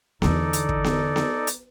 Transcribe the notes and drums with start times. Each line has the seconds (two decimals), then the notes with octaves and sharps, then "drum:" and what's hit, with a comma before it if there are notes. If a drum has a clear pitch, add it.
0.22 E2 D3 D#4 A4 D5, drum: snare B3
0.53 drum: hi-hat
0.69 drum: kick
0.84 drum: snare B3
1.16 drum: snare B3
1.47 drum: hi-hat